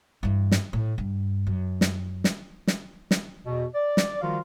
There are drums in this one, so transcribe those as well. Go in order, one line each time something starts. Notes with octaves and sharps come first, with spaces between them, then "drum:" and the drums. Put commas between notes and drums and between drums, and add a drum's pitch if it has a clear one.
G2 E3
drum: snare
A2
G2
F#2
drum: snare
drum: snare
drum: snare
drum: snare
E2 B2
D5
drum: snare
D#3 F3 G3 F4 F#4 F5